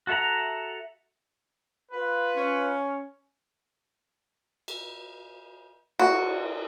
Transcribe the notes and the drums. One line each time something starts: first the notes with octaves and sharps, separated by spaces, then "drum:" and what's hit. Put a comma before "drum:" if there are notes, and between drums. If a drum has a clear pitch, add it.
F#4 A4 E5 F#5 A#5
F4 B4
C#4
drum: cymbal
F#4, drum: cymbal